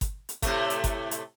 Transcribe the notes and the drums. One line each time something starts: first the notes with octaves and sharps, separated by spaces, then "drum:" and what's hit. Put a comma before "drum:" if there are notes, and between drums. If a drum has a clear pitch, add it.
drum: kick G1, hi-hat
drum: hi-hat
A2 C3 A3, drum: kick G1, hi-hat
drum: hi-hat
drum: kick G1, hi-hat
drum: hi-hat